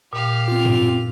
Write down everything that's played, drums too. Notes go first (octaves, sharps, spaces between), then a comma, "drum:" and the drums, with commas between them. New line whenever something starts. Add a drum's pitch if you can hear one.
A#2 G4 F5
C4 F4
drum: tom F#2